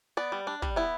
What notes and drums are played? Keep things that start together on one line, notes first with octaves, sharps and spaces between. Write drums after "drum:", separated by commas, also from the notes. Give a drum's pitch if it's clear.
B3 D5
G3
D4
G3, drum: kick
B3 E4